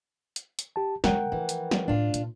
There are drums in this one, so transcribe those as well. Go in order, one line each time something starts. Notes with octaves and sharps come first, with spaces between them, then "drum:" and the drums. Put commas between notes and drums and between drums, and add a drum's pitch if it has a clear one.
drum: hi-hat
drum: hi-hat
G4 A5
D3 G#3 A#4 F#5 G5, drum: snare
E3 F3 A3
drum: hi-hat
drum: snare
A2 A3 D4 F4
A#2, drum: hi-hat